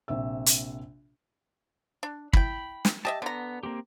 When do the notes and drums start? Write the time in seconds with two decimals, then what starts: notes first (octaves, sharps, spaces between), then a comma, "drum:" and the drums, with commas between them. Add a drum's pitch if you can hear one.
0.08 A#1 C3 E5 E6
0.46 drum: hi-hat
2.03 D4
2.33 E4 G5 B5, drum: kick
2.85 drum: snare
3.05 G4 D#5 E5 A5
3.22 D3 B3 A#5
3.63 A#3 C4 G4